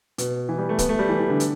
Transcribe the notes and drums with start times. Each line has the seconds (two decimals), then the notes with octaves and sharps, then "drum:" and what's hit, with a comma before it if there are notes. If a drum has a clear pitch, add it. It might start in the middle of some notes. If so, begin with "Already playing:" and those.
0.18 B2, drum: hi-hat
0.49 E3
0.58 G3
0.69 A3
0.79 B3, drum: kick, hi-hat
0.89 A3
0.99 G3
1.09 E3
1.20 E3
1.30 D3
1.40 drum: hi-hat